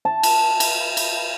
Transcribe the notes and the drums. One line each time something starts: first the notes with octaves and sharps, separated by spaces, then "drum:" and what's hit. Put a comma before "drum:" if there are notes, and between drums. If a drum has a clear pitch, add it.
A5
drum: cymbal
drum: cymbal
drum: cymbal